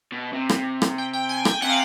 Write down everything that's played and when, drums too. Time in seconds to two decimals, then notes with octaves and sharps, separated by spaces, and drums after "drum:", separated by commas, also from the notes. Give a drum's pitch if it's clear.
0.12 B2
0.33 C3
0.49 drum: rim click
0.82 drum: rim click
0.98 G5
1.13 G5
1.29 G#5
1.45 G5, drum: rim click
1.62 C3 F#5
1.69 F5